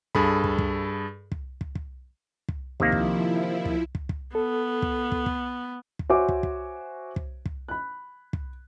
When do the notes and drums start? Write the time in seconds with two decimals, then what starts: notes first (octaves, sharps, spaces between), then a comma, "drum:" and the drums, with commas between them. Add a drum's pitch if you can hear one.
0.15 G2 G#4 A4 B5, drum: kick
0.44 drum: kick
0.58 drum: kick
1.32 drum: kick
1.61 drum: kick
1.75 drum: kick
2.48 drum: kick
2.80 C3 D#3 F3 A#3 E4, drum: kick
2.92 drum: kick
3.65 drum: kick
3.95 drum: kick
4.09 drum: kick
4.35 B3 A4
4.82 drum: kick
5.12 drum: kick
5.26 drum: kick
5.99 drum: kick
6.10 F#4 C5 C#5 E5 G#5 D6
6.29 drum: kick
6.43 drum: kick
7.16 drum: kick
7.45 drum: kick
7.68 B5 F#6
8.33 drum: kick